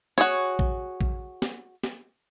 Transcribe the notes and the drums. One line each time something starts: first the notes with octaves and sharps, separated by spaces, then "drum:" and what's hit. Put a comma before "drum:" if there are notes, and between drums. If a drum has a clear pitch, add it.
F#4 G#4 C#5, drum: snare
drum: kick
drum: kick
drum: snare
drum: snare